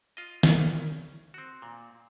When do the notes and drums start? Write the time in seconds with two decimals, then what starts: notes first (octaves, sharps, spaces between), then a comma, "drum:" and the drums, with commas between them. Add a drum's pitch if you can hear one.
0.17 F4 D#5
0.43 C#4, drum: snare
1.34 C4 F#4
1.62 A#2